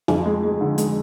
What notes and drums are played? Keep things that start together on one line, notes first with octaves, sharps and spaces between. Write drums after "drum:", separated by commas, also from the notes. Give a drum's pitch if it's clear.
F2, drum: snare
G#3
G#3
D3
G#3, drum: hi-hat